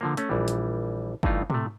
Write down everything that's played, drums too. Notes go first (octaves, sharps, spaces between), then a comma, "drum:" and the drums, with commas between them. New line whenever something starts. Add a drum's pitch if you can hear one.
D3 F3 A#3
A3 C#4, drum: hi-hat
A#1 E3 G3
drum: hi-hat
G2 E3 A3 D#4 F4, drum: kick F#1
C3 A3, drum: tom